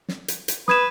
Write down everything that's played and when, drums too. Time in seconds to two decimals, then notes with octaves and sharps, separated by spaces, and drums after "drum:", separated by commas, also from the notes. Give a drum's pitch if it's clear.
0.09 drum: snare
0.28 drum: hi-hat
0.48 drum: hi-hat
0.68 B4 D#6 G#6 E7, drum: snare